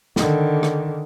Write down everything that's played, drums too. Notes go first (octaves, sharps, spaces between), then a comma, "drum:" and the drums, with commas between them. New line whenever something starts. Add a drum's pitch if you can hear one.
D3 D#3, drum: snare
drum: rim click